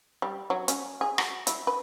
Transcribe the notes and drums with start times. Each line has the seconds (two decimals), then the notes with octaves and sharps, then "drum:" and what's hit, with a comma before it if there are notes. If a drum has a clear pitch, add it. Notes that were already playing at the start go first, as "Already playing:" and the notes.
0.22 G3
0.50 F#3
0.68 C#4, drum: hi-hat
1.01 G#4
1.18 F#4, drum: rim click
1.47 E4, drum: hi-hat
1.67 B4